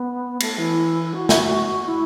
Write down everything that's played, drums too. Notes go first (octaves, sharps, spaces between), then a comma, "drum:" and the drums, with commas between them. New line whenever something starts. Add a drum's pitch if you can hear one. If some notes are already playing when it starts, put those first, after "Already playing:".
Already playing: B3
A3, drum: cymbal
E3
F#4
drum: snare
E4